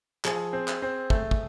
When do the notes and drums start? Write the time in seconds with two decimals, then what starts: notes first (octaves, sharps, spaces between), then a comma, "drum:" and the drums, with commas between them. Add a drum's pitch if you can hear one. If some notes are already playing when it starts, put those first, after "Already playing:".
0.25 F3 G#4, drum: clap
0.53 C4
0.68 drum: clap
0.82 C4
1.10 A3, drum: kick
1.31 drum: kick